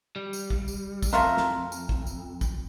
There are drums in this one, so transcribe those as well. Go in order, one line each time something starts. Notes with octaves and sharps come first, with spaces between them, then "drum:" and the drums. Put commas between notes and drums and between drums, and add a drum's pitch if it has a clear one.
G3
drum: tambourine
drum: kick
drum: tambourine
drum: kick, tambourine
F2 A3 F4 A#4
drum: snare
drum: tambourine
drum: kick
drum: tambourine
drum: kick, tambourine